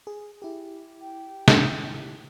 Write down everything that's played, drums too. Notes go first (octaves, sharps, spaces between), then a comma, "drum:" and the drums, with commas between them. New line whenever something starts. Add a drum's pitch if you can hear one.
G#4
E4 G4
G5
drum: snare